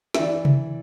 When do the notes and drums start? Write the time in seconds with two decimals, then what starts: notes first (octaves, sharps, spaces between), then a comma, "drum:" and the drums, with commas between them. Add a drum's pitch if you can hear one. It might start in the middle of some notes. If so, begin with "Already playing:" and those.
0.14 E5, drum: snare
0.19 E3 D5
0.45 drum: tom C3